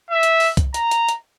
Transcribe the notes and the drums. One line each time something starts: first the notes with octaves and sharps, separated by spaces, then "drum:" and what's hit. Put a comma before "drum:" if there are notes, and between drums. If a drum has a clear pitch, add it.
E5
drum: hi-hat
drum: open hi-hat
drum: kick, hi-hat
A#5, drum: hi-hat
drum: hi-hat
drum: hi-hat